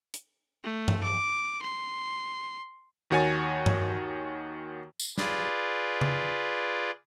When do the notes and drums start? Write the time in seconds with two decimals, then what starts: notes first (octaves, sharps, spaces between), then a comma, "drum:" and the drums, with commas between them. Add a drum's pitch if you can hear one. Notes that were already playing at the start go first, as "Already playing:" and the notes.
0.14 drum: hi-hat
0.64 A3
0.88 drum: tom G2
1.04 D6
1.62 C6
3.10 D#2 D#3 F#4 C#5 G#5 A6
3.66 drum: tom G2
4.99 drum: tambourine
5.18 F4 G#4 B4 D5, drum: snare
6.01 drum: tom C#3